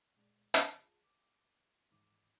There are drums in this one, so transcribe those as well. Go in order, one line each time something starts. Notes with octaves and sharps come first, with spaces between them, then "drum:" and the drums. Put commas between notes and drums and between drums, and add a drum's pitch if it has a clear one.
A#2 G#3 D4
drum: hi-hat
F2 C#3 B3 B5
F4 G#4 A5
D6
D#2 G#2 E3 D6